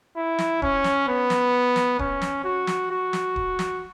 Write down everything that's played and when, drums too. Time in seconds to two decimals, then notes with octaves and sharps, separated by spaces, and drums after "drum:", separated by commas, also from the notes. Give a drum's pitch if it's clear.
0.16 E4
0.39 drum: snare
0.62 C#4, drum: kick D1
0.84 drum: snare
1.08 B3
1.30 drum: snare
1.76 drum: snare
1.99 C#4, drum: kick D1
2.22 drum: snare
2.44 F#4
2.67 drum: snare
2.91 F#4
3.13 drum: snare
3.36 drum: kick D1
3.59 drum: snare